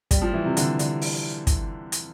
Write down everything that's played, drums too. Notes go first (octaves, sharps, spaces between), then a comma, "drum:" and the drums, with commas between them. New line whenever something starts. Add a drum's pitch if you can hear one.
G3, drum: kick, hi-hat
F3
E3
C3
D3, drum: hi-hat
D3, drum: hi-hat
drum: open hi-hat
drum: kick, hi-hat
drum: hi-hat